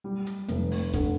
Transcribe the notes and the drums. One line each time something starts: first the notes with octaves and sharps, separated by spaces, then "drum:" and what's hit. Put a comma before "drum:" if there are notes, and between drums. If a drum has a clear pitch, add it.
G3
drum: hi-hat
F1, drum: hi-hat
drum: open hi-hat
D3, drum: kick, hi-hat